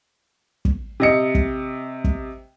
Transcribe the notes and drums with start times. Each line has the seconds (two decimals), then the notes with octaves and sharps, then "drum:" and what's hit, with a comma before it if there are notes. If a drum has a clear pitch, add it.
0.65 drum: kick
1.00 C3 D#5 C#7
1.35 drum: kick
2.04 drum: kick